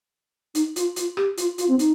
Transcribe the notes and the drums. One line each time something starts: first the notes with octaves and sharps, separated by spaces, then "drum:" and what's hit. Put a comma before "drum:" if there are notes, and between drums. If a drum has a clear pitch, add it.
D#4, drum: hi-hat
F4, drum: hi-hat
F4, drum: hi-hat
G4, drum: rim click
F4, drum: hi-hat
F4, drum: hi-hat
C4
D#4, drum: hi-hat